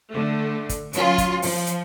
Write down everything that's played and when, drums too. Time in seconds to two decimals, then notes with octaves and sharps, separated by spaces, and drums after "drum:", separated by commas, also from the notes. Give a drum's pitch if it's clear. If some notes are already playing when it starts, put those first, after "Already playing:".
0.11 D3 A3
0.69 drum: kick, hi-hat
0.93 F#3 C#4 F4, drum: hi-hat
1.18 drum: kick, hi-hat
1.42 F3, drum: open hi-hat
1.67 drum: hi-hat